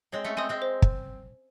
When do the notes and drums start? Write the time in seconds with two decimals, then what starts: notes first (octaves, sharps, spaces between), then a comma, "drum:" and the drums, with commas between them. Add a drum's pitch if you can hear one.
0.12 G#3 C4 C#5
0.24 A3 C#4
0.37 G#3 C4 G#5 C6 D#6
0.49 G#3 C4
0.62 C5
0.82 drum: kick